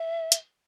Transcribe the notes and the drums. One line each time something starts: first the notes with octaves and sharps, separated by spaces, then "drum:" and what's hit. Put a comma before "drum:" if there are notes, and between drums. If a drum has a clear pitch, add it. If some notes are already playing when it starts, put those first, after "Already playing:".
Already playing: E5
drum: hi-hat